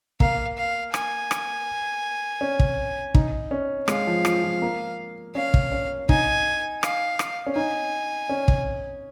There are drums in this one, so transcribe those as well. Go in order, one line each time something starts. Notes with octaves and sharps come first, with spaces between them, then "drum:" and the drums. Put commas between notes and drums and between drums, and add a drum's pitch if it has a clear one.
A#3 F5, drum: kick
F5
G#5, drum: rim click
drum: rim click
C#4
drum: kick
D#4, drum: kick
C#4
G#3 F5, drum: rim click
F3
F3, drum: rim click
F3
A#3
C#4 F5
drum: kick
C#4
D#4 G#5, drum: kick
F5, drum: rim click
drum: rim click
C#4
D#4 G#5
C#4
drum: kick